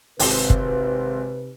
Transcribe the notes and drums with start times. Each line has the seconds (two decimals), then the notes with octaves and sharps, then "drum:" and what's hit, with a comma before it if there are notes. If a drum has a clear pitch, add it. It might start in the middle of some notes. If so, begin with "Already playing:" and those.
0.19 G#1 C3 C4 B4 G7, drum: open hi-hat
0.50 drum: kick